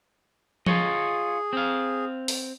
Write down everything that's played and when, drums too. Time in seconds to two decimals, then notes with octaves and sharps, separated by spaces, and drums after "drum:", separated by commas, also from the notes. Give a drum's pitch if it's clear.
0.66 F4 G#4 C#5 D#5, drum: tom F3
1.53 C4 F5
2.28 drum: open hi-hat